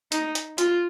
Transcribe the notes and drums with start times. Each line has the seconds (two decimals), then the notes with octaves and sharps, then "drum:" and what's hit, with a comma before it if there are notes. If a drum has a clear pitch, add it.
0.12 D#4, drum: hi-hat
0.35 drum: hi-hat
0.58 F4, drum: hi-hat